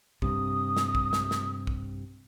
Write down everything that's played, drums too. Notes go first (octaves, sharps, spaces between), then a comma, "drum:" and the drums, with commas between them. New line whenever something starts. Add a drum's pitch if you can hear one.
G2 C3 D#6, drum: kick B1
drum: snare
drum: kick B1
drum: snare
drum: snare
drum: kick B1